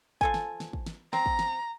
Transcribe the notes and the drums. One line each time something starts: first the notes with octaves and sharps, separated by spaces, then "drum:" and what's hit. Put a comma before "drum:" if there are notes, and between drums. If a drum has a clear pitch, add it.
F3 A4 G#5, drum: kick
drum: snare
drum: snare
drum: kick
drum: snare
C4 A#5, drum: snare
drum: kick
drum: snare